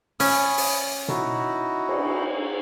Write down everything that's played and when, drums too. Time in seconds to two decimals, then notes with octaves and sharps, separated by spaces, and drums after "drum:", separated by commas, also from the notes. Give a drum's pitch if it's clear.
0.20 C#4 B5 D#6, drum: open hi-hat
0.58 drum: open hi-hat
1.08 D#4 E4 F#4, drum: tom B2
1.89 drum: cymbal